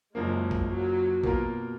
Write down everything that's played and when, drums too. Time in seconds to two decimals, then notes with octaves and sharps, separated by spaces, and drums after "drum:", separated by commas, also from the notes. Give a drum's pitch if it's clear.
0.15 F#1 F#2 F3 G#3 A#3
0.51 drum: kick
0.69 F#3
1.24 B2 A#3 F4 A#4, drum: kick